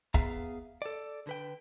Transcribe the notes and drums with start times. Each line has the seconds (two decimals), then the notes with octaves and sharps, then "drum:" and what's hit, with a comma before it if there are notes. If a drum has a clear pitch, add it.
0.14 B3 G#4 E5 F5 A#5, drum: kick
0.82 A4 D5
1.27 D3 B4 G5